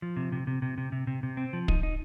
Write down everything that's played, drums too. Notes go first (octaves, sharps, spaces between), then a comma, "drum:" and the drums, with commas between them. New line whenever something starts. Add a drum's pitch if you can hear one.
F3
C3
C3
C3
C3
C3
C3
C3
C3
C4
F3
D#4, drum: kick
D#4